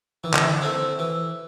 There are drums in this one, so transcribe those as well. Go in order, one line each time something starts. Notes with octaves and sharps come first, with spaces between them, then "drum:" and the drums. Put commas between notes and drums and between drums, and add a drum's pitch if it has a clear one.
D#3 E3
D3, drum: clap
D#3
A3 C4 E4
E3